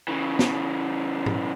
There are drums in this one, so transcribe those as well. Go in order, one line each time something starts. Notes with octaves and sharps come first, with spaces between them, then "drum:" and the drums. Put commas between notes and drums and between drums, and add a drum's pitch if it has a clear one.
C#3 E3
drum: snare
drum: tom